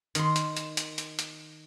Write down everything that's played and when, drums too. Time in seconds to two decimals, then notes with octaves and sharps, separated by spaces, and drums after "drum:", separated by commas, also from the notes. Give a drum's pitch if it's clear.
0.15 D#3 C6, drum: hi-hat
0.36 drum: hi-hat
0.57 drum: hi-hat
0.77 drum: hi-hat
0.98 drum: hi-hat
1.19 drum: hi-hat